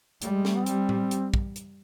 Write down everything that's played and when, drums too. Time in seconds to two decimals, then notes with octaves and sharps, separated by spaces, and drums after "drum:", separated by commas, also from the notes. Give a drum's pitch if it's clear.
0.22 G3 A3, drum: hi-hat
0.33 G#3
0.45 A3, drum: snare
0.56 B3
0.66 G3 C4, drum: hi-hat
0.89 drum: tom A2
1.11 drum: hi-hat
1.34 drum: kick
1.56 drum: hi-hat